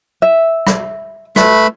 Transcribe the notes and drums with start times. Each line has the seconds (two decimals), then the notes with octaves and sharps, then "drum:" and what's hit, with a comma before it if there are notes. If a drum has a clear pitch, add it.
0.22 E5
0.67 drum: rim click
1.36 A3 B4 B5, drum: rim click